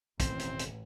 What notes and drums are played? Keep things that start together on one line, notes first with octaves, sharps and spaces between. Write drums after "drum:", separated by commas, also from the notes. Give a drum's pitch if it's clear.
E1 A1 D#3 E3 C4, drum: kick, hi-hat
drum: hi-hat
drum: hi-hat